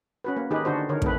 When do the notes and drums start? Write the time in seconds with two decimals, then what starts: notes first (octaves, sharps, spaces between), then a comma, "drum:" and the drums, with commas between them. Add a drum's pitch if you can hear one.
0.24 C#4 F#4 B4
0.36 A#3
0.51 D#3 D#4 G4 G#4 B4
0.65 D3 D4 F#4 C5
0.89 D3 D#3 A#4 C#5
1.02 D#3 A3 C4 B4, drum: kick